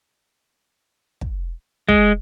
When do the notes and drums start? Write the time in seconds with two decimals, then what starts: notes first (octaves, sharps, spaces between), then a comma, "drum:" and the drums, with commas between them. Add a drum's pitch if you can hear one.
1.21 drum: kick
1.89 G#3, drum: kick